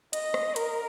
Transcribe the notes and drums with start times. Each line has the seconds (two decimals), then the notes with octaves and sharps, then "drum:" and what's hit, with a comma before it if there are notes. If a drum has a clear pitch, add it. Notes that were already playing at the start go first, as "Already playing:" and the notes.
0.13 D#5, drum: hi-hat
0.34 drum: rim click
0.56 A#4, drum: hi-hat